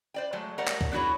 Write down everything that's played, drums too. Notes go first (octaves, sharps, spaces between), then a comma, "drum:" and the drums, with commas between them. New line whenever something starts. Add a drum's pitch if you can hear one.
C5 D5 G5
F#3 G#3 A3
G3 A3 A#4 C#5 D5 F#5
drum: clap
drum: kick
B3 D4 E4 F#4 G#4 C#5